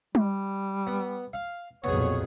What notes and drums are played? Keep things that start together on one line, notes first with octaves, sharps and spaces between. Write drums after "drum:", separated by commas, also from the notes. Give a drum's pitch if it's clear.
G3, drum: tom G3
B3
F5
B1 F2 A#2 B3 G#4 C#5, drum: hi-hat